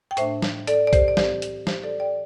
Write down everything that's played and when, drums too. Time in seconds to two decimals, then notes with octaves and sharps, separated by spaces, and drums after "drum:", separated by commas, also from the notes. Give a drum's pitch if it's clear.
0.11 G5
0.17 A2 A3 D4 C5 E5, drum: hi-hat
0.42 drum: snare
0.67 A4 D5, drum: hi-hat
0.87 D5
0.93 G4 C5, drum: kick B1, hi-hat
1.08 D5
1.17 A2 E3 C4 G4 C5, drum: snare
1.42 drum: hi-hat
1.67 G4 C5, drum: snare
1.83 A4 D5
2.00 D5 G5